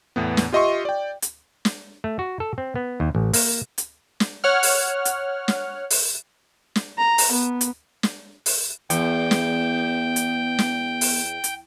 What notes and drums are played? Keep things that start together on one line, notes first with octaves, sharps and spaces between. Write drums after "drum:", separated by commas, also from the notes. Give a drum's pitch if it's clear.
E2 A2 B3
drum: snare
F4 G4 D#5 E5 C6 C#6
D5 G5
drum: hi-hat
drum: snare
A3
F#4
A4
C4
B3
D#2
A1
A#3, drum: open hi-hat
drum: hi-hat
drum: snare
C#5 F#5 F6
drum: open hi-hat
drum: hi-hat
drum: snare
drum: open hi-hat
drum: snare
A#5
drum: open hi-hat
B3
drum: hi-hat
drum: snare
drum: open hi-hat
E2 B3 G5, drum: hi-hat
drum: snare
drum: hi-hat
drum: snare
drum: open hi-hat
drum: hi-hat